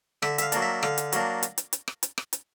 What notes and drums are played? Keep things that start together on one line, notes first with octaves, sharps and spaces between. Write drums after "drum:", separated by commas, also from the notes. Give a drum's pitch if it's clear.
D3 E5, drum: rim click
E5, drum: hi-hat
F5
F#3 A#3 D4, drum: hi-hat
E5
D3 F5, drum: rim click
drum: hi-hat
F#3 A#3 D4, drum: hi-hat
drum: hi-hat
drum: hi-hat
drum: hi-hat
drum: rim click
drum: hi-hat
drum: rim click
drum: hi-hat